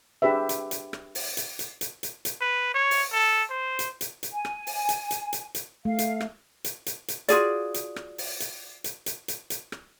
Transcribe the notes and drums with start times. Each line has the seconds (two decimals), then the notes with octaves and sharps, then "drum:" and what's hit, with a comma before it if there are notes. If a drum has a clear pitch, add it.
0.22 D4 G4 G#4 B4 E5
0.49 drum: hi-hat
0.71 drum: hi-hat
0.93 drum: rim click
1.15 drum: open hi-hat
1.37 drum: hi-hat
1.59 drum: hi-hat
1.81 drum: hi-hat
2.03 drum: hi-hat
2.25 drum: hi-hat
2.41 B4
2.74 C#5
2.91 drum: open hi-hat
3.13 A4
3.50 C5
3.79 drum: hi-hat
4.01 drum: hi-hat
4.23 drum: hi-hat
4.32 G#5
4.45 drum: rim click
4.67 drum: open hi-hat
4.89 drum: hi-hat
5.11 drum: hi-hat
5.33 drum: hi-hat
5.55 drum: hi-hat
5.85 A3 F5
5.99 drum: hi-hat
6.21 drum: rim click
6.64 drum: hi-hat
6.86 drum: hi-hat
7.08 drum: hi-hat
7.28 F4 F#4 G#4 D5, drum: hi-hat
7.74 drum: hi-hat
7.96 drum: rim click
8.18 drum: open hi-hat
8.40 drum: hi-hat
8.84 drum: hi-hat
9.06 drum: hi-hat
9.28 drum: hi-hat
9.50 drum: hi-hat
9.72 drum: rim click